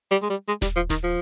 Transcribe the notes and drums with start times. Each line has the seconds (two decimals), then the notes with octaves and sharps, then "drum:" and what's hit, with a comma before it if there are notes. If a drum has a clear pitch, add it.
0.11 G3
0.22 G#3
0.30 G3
0.48 G#3
0.62 G3, drum: snare D#1
0.76 F3
0.90 D#3, drum: snare D#1
1.04 F3